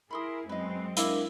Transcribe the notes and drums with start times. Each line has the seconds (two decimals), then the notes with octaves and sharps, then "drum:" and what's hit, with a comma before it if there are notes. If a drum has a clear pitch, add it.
0.11 E4 G#4 A#4 B5 C6 D#6
0.49 F#2 G#3 C4 B4 D#5
0.97 D4 E4 A#4 F5, drum: hi-hat